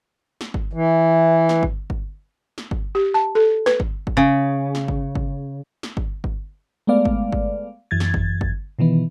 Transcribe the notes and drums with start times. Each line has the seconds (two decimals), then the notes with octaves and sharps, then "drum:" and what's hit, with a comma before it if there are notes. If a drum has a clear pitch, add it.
0.41 drum: snare
0.54 drum: kick G1
0.73 E3
1.49 drum: snare
1.63 drum: kick G1
1.90 drum: kick G1
2.58 drum: snare
2.71 drum: kick G1
2.95 G4
3.14 A5
3.35 A4
3.66 B4, drum: snare
3.80 drum: kick G1
4.07 drum: kick G1
4.17 C#3
4.75 drum: snare
4.88 drum: kick G1
5.15 drum: kick G1
5.83 drum: snare
5.97 drum: kick G1
6.24 drum: kick G1
6.87 G#3 A3 B3 D5 F5
7.05 drum: kick G1
7.33 drum: kick G1
7.91 F#2 E3 G#6 A6
8.00 drum: snare
8.14 drum: kick G1
8.41 drum: kick G1
8.79 B2 D#3 E3 B3